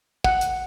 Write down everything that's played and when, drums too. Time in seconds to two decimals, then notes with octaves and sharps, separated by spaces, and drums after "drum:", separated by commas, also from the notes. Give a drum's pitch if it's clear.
0.24 F#5, drum: kick
0.41 drum: hi-hat